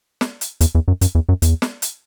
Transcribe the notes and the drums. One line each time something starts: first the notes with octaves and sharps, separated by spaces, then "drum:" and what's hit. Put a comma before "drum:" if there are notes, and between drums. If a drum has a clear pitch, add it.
drum: snare
drum: hi-hat
E2, drum: hi-hat
E2
F#2
F#2, drum: hi-hat
E2
F#2
E2, drum: hi-hat
drum: snare
drum: hi-hat